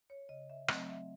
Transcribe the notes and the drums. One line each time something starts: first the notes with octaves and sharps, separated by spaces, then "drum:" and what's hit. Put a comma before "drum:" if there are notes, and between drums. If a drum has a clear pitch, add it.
C#5
C#3 D#5
E5
F#3 A3 C4 D#5, drum: rim click
E5